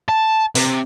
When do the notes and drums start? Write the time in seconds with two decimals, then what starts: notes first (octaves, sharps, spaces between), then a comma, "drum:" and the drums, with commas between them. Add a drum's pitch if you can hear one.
0.08 A5
0.55 C3, drum: open hi-hat